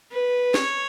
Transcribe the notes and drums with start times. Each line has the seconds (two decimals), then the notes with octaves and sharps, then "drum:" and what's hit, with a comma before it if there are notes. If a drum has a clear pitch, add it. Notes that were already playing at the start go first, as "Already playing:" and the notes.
0.12 B4
0.54 C#5, drum: snare